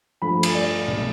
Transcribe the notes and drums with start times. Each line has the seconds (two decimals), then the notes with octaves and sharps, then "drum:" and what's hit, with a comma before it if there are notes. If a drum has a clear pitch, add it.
0.22 G2 F3 A3 B5
0.43 drum: cymbal
0.55 D5
0.88 C2 B2 A3